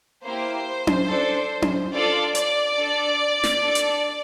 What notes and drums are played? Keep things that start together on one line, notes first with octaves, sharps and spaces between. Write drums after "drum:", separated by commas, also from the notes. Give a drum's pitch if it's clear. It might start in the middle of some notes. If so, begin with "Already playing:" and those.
A#3 E4 G4 C5
drum: tom C#4
D4 A4
drum: tom C#4
D4 F4 A4 D5
D5, drum: hi-hat
D4 A4
drum: snare
D4 A4
drum: hi-hat